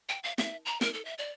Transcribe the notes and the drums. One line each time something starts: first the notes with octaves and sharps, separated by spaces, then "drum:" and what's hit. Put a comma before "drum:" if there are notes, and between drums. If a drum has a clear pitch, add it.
G5
F5
E5, drum: snare
A#5
A#4, drum: snare
A4
E5
D5